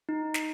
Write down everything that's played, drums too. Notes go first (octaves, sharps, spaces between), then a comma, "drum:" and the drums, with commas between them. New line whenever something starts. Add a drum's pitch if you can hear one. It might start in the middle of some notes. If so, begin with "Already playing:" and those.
D#4
drum: snare